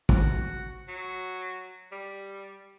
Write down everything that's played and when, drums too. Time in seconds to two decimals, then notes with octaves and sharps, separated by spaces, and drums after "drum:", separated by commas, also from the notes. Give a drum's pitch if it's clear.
0.09 F#4, drum: kick
0.88 F#3
1.92 G3